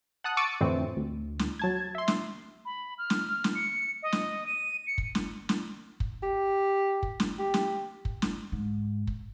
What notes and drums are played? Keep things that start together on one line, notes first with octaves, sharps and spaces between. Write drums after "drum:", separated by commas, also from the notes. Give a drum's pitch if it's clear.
F#5 A5 D#6 F#6
C#6 D6 E6 A6 C#7 D#7
F2 A2 D3 E3 C4
D2
drum: snare
F#3 A5 G#6
E5 C6
drum: snare
B5
F6
drum: snare
drum: snare
C#7
D#5
drum: snare
D#7
C#7
drum: kick
drum: snare
drum: snare
drum: kick
G4
drum: kick
drum: snare
G4
drum: snare
drum: kick
drum: snare
G#2
drum: kick